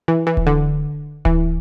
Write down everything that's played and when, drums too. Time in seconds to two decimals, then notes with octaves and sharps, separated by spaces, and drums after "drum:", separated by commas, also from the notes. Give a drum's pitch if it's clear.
0.08 E3
0.27 E3
0.37 drum: kick D1
0.47 D3
1.25 E3, drum: kick D1